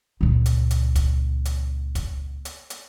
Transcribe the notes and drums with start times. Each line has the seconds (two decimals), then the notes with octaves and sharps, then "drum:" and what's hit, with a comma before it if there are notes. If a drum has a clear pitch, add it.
0.21 C#2 A#2
0.46 drum: hi-hat
0.71 drum: hi-hat
0.95 drum: kick, hi-hat
1.45 drum: hi-hat
1.95 drum: kick, hi-hat
2.45 drum: hi-hat
2.70 drum: hi-hat